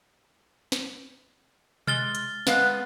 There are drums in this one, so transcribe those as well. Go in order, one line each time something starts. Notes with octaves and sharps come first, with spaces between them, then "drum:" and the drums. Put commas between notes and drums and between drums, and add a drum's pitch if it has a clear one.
drum: snare
G#3 F6 A6 G7, drum: tom B2
drum: hi-hat
G#3 B3 F5, drum: snare